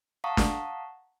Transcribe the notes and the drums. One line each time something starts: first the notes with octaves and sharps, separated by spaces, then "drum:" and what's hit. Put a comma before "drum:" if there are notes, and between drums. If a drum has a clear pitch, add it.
F5 F#5 A5 A#5 C#6 D#6
drum: snare